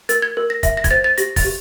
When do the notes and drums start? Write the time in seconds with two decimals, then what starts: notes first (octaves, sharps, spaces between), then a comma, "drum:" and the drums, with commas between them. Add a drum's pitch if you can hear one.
0.09 A#4 A6, drum: hi-hat
0.22 G#6
0.37 A#4
0.50 A#6
0.63 E5 A#6, drum: kick, hi-hat
0.77 A#6
0.84 G#6, drum: kick, hi-hat
0.91 C5 A6
1.04 A6
1.18 G4 A#6, drum: hi-hat
1.36 A6, drum: kick, open hi-hat
1.45 G4